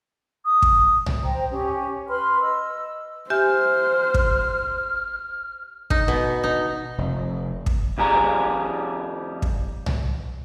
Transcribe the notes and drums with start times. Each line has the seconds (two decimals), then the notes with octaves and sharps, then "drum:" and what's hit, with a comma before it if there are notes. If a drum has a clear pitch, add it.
0.45 D#6
0.62 drum: kick
1.06 drum: tom C2
1.23 C5 G5 A#5
1.50 C#4 G4
2.08 B4 B5 C6 F6
2.42 D#5 E6
3.30 G4 C5 E5 G#5 F6
4.14 drum: kick
5.90 D#4, drum: kick
6.08 B2
6.44 D#4
6.98 F1
7.66 drum: kick
7.98 F2 G3 G#4 A#5
9.42 drum: kick
9.86 drum: tom C2